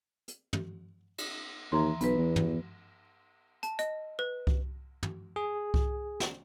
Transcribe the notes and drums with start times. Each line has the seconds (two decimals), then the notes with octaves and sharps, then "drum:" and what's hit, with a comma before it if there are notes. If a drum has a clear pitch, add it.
0.28 drum: hi-hat
0.53 drum: tom
1.18 drum: cymbal
1.72 D#2 E3 A#5 C6
2.01 B1 B3 B4, drum: hi-hat
2.18 E2
2.36 drum: tom
3.63 A5, drum: hi-hat
3.79 D#5, drum: hi-hat
4.19 B4
4.47 drum: kick C2
5.03 drum: tom
5.36 G#4
5.74 drum: kick C2
6.20 drum: snare